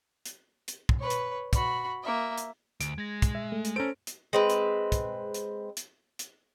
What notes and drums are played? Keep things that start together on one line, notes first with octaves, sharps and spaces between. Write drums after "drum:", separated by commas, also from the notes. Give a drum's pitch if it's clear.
drum: hi-hat
drum: hi-hat
drum: kick
B4 C#5
drum: hi-hat
F#4 B5, drum: kick, hi-hat
A#3 E5
drum: hi-hat
D2 D7, drum: hi-hat
G#3 G#6 A#6
drum: kick, hi-hat
E5
A3
drum: hi-hat
C#4 A4 C5 A#5 D7
drum: hi-hat
G#3 C4 B4
drum: hi-hat
drum: kick, hi-hat
drum: hi-hat
drum: hi-hat
drum: hi-hat